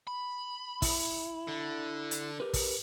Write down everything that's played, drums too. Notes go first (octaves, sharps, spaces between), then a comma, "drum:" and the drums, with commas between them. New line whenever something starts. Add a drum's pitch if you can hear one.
B5
E4, drum: kick, open hi-hat
D3
drum: hi-hat
G4 A#4 B4
drum: kick, open hi-hat